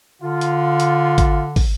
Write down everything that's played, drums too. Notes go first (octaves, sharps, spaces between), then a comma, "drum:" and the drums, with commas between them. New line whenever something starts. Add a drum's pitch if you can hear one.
D3 F4
drum: hi-hat
drum: hi-hat
drum: kick, hi-hat
drum: kick, open hi-hat